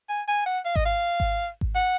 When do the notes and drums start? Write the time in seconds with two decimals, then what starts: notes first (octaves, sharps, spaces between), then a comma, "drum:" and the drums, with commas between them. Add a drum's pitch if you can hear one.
0.09 G#5
0.28 G#5
0.46 F#5
0.65 F5
0.76 D#5, drum: kick G#1
0.85 F5
1.20 drum: kick G#1
1.61 drum: kick G#1
1.75 F#5